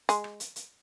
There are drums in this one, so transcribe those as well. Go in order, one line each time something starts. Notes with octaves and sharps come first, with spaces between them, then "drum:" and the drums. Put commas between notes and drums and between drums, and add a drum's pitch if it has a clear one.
G#3, drum: hi-hat
drum: rim click
drum: hi-hat
drum: hi-hat